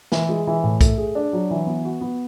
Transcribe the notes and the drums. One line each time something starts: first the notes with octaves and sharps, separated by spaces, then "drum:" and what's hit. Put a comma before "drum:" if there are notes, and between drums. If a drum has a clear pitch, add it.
E3, drum: snare
G#3
E3
A2
A3, drum: kick B1, hi-hat
G#4
D4
F#3
E3
B3
F#4
B3